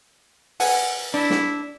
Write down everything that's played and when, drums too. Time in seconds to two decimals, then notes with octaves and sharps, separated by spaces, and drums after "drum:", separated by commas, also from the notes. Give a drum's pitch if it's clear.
0.60 B4 F#5 G#5, drum: open hi-hat
1.14 D4 E4
1.30 drum: snare